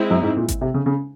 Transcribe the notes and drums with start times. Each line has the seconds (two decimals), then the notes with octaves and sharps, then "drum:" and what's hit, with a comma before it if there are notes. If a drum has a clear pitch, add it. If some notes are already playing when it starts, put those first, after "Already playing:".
Already playing: G#3 C4 E4
0.10 F#2
0.23 G#2
0.36 A#2
0.48 drum: kick G#1, hi-hat
0.61 C3
0.74 C#3
0.86 C#3